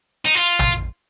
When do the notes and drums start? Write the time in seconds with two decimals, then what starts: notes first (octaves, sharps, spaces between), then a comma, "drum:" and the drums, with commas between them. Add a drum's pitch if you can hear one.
0.25 D#4
0.34 F4
0.59 drum: tom